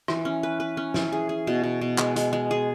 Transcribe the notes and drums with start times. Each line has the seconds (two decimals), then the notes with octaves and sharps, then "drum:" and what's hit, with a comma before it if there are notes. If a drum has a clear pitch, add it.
0.08 E3, drum: rim click
0.25 C#4
0.43 B4
0.60 B4
0.77 C#4
0.94 E3, drum: snare
1.12 G#4
1.29 G#4
1.47 B2
1.63 B2
1.81 B2
1.98 G#3, drum: clap
2.16 G#3, drum: hi-hat
2.33 G#3
2.51 G#4